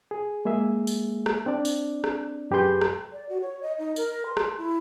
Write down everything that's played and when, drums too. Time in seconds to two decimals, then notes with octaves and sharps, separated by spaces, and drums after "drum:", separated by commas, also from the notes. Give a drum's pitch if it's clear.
0.11 G#4
0.45 G#3 A#3 G#4 E5
0.87 drum: tambourine
1.26 drum: rim click
1.46 C4 D4 D5
1.65 drum: tambourine
2.04 drum: rim click
2.51 F#2 G4 G#4 B4 C6 G6
2.81 drum: rim click
3.12 D5
3.29 F#4
3.41 C#5
3.62 D#5
3.78 D#4
3.96 A#4, drum: tambourine
4.26 C6
4.37 drum: rim click
4.58 E4